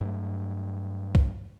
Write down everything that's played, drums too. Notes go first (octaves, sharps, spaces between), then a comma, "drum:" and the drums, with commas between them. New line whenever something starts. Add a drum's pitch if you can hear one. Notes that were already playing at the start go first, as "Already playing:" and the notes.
G2 F#3 A3
drum: kick C2